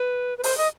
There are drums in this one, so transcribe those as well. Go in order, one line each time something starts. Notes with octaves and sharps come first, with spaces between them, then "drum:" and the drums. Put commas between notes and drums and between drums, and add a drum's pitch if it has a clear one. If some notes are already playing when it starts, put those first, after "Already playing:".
Already playing: B4
B4
C5, drum: open hi-hat
D#5